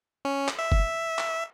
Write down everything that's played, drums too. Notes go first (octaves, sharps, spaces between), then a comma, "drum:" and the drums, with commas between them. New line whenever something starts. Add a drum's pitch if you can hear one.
C#4
drum: clap
E5
drum: kick F#1
drum: clap